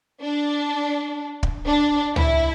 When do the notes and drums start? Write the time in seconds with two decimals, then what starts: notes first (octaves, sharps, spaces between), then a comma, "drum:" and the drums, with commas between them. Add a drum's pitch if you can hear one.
0.22 D4
1.43 drum: kick
1.67 D4
2.16 E4, drum: tom C#2